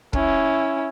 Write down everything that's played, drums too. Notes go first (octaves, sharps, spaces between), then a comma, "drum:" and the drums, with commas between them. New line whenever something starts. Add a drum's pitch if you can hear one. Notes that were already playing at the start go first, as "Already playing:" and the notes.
C#4 E4, drum: kick